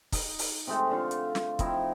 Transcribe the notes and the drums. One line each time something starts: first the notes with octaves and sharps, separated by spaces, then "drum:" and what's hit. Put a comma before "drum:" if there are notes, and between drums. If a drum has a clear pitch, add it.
D#4, drum: kick, open hi-hat
drum: open hi-hat
C3 G#3 A3
D3 F4 F5 C#6
drum: hi-hat
drum: snare
F3 C4 D#4 E4, drum: kick, hi-hat